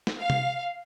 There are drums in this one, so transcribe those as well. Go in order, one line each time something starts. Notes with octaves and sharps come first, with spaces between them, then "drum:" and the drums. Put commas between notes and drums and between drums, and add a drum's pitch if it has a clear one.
drum: snare
F5
drum: tom C3